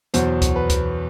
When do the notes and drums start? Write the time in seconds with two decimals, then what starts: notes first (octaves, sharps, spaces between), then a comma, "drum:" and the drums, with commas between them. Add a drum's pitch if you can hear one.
0.14 E2 B2 F#3 C5, drum: hi-hat
0.42 drum: kick C#2, hi-hat
0.56 B4
0.69 drum: kick C#2, hi-hat